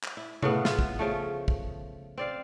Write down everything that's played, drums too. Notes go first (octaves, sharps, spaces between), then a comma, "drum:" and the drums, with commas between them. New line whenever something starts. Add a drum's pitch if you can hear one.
drum: clap
E4
A2 C#3 B3, drum: tom C3
B3 E4 F4, drum: snare
drum: kick
C#3 F3 A3
drum: kick
C4 D5 F5